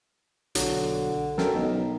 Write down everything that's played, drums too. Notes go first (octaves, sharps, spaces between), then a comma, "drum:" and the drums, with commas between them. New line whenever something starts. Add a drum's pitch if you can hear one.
B1 D3 F#3, drum: hi-hat
F#2 A4 A#4 G5, drum: snare
B1 D#4